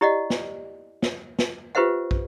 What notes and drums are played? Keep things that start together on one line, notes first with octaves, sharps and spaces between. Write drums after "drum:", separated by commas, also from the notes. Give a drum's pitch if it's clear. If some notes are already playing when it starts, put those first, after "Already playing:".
E4 G4 D5 D#5 F#5
drum: snare
drum: snare
drum: snare
F4 G4 B4 C5 E5 F#5
drum: kick